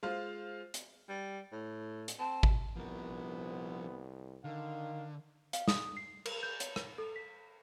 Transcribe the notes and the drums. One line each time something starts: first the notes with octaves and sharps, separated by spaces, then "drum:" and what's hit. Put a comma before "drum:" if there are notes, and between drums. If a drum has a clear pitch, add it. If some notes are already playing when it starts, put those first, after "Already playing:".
G#3 F4 C5 F5
drum: hi-hat
G3
A2
drum: hi-hat
C4 A5
drum: kick G#1
C2 F3 B3 A#4
D3 D#3 F5
F5, drum: hi-hat
D#6, drum: snare
C7
A#4, drum: cymbal
G6
C#5, drum: hi-hat
drum: rim click
A4
B6